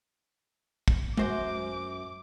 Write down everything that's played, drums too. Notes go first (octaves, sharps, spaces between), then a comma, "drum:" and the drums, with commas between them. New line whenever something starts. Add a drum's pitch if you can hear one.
drum: kick
F#2 F#4 C5 D6, drum: tom G#3